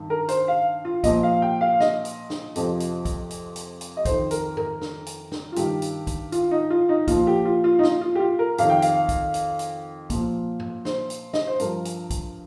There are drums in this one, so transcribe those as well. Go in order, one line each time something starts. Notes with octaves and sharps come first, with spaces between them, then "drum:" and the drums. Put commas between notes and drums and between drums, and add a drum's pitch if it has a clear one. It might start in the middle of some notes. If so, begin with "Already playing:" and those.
Already playing: G2 D#3
A#4
C5, drum: hi-hat
F5
F4
A#2 F3 D#5, drum: kick, hi-hat
F5
G5
F5
D#5, drum: snare
drum: hi-hat
drum: snare
F2 C3 F3, drum: hi-hat
drum: hi-hat
drum: kick, hi-hat
drum: hi-hat
drum: hi-hat
drum: hi-hat
D#5
F2 D#3 C5, drum: kick, hi-hat
A#4, drum: hi-hat
A#4, drum: tom G2
drum: snare
drum: hi-hat
drum: snare
F4
G2 D#3 G4, drum: hi-hat
drum: hi-hat
drum: kick, hi-hat
F4, drum: hi-hat
D#4
F4
D#4
A#2 F3 F4, drum: kick, hi-hat
G4
F4
F4
D#4
F4, drum: snare
F4
G4
F4
A#4
F2 D#3 F5, drum: hi-hat
G5
F5, drum: hi-hat
drum: kick, hi-hat
drum: hi-hat
drum: hi-hat
A#2 F3, drum: kick, hi-hat
drum: tom G2
C5, drum: snare
drum: hi-hat
D#5, drum: snare
C5
G2 F3 A#4, drum: hi-hat
drum: hi-hat
drum: kick, hi-hat